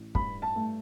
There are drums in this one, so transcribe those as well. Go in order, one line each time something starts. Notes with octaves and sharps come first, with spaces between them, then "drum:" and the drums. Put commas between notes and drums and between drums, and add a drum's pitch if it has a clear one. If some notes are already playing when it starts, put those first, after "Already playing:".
Already playing: A1
G2 B5, drum: kick
A5
A3